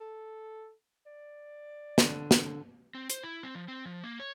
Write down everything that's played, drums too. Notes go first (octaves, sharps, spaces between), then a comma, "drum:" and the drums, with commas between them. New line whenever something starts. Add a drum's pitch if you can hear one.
A4
D5
D3, drum: snare
drum: snare
C4
C5, drum: hi-hat
E4
C4
F3
C4
F3
A#3
C#5